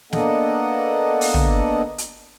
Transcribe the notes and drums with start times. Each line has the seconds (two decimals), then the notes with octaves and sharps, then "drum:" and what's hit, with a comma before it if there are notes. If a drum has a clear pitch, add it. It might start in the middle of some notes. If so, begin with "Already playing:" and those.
0.13 A#3 B3 D4 A4 D#5 F#5, drum: snare
1.21 drum: open hi-hat
1.34 drum: tom
1.98 drum: hi-hat